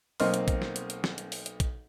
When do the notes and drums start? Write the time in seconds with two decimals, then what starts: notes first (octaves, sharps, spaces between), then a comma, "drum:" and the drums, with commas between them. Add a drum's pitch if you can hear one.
0.20 B1 A#3 C4 D#5 C6 F6, drum: open hi-hat
0.34 drum: hi-hat
0.48 drum: kick, hi-hat
0.62 drum: snare
0.76 drum: hi-hat
0.90 drum: hi-hat
1.04 drum: snare
1.18 drum: hi-hat
1.32 drum: open hi-hat
1.46 drum: hi-hat
1.60 drum: kick, hi-hat